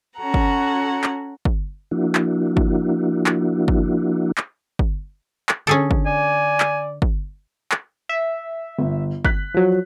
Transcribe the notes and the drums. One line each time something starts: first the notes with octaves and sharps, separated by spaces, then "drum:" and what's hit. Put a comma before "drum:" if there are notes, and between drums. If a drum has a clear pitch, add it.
C#4 F#4 A4 F#5 A#5
drum: kick
drum: clap
drum: kick
F3 A#3 D4 E4 F#4
drum: clap
drum: kick
drum: clap
drum: kick
drum: clap
drum: kick
drum: clap
D3 C#4 G#4 A4
drum: kick
D5 G#5
drum: clap
drum: kick
drum: clap
E5
G1
F#6 B6, drum: kick
F3 F#3